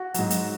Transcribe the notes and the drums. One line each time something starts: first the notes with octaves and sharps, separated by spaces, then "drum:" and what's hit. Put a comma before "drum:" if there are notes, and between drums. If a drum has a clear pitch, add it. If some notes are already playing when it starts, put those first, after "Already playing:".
Already playing: F#4
G#2 F#3, drum: hi-hat
drum: hi-hat